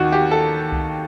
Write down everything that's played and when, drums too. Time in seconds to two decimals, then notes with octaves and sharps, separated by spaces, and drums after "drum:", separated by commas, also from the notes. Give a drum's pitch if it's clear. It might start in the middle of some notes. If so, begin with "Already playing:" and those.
Already playing: D#2 D#3 F#4
0.12 G4
0.31 A4
0.72 drum: kick C2